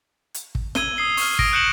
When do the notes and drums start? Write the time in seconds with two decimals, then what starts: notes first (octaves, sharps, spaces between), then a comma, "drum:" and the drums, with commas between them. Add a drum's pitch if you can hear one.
0.34 drum: hi-hat
0.55 drum: kick
0.75 E6 G#6 D#7 G7, drum: snare
0.97 D#6 C7 G7
1.17 C#6 F6, drum: open hi-hat
1.39 D#6 A#6 D7, drum: kick
1.53 F#6 G6 C#7 E7 F#7